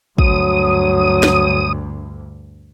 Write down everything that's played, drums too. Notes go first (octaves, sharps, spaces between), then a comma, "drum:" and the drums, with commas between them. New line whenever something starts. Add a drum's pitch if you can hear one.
D2 G2 F#3 D#6, drum: kick
drum: snare